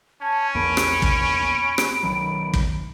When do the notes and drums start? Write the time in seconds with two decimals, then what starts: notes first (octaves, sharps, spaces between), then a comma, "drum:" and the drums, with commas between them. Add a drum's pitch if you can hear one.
0.21 C#4 A5 G#6
0.55 A#1 E2 A#3 B5 D7
0.77 drum: rim click
1.02 drum: kick
1.78 drum: rim click
2.03 B1 D#3 F#3
2.54 drum: kick